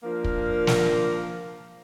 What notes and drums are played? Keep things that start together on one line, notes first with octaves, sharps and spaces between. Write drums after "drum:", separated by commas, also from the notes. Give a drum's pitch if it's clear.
F3 A#3 D4 A#4
drum: kick
drum: snare